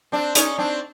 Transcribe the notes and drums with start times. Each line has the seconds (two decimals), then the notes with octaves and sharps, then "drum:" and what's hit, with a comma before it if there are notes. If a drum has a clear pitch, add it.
0.12 C4 D4
0.35 C#4 D#4, drum: hi-hat
0.58 C4 D4